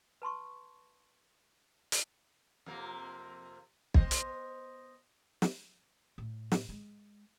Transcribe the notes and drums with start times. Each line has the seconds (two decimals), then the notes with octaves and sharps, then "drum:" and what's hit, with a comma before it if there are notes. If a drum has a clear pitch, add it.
0.22 B4 A5 C6 C#6
1.92 drum: hi-hat
2.66 F2 C3 A#3
3.94 B3 C5 D#5, drum: kick
4.11 drum: hi-hat
5.42 drum: snare
6.18 A2
6.52 drum: snare
6.69 G#3